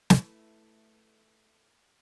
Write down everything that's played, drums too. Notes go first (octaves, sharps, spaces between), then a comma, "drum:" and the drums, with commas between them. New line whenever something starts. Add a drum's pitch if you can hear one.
A3 E4 B4, drum: snare